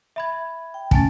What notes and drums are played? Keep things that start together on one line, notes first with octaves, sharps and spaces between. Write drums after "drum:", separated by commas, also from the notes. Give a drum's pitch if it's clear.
E5 B5 G#6
G5
A3 C#4 G#5 A5 A6, drum: kick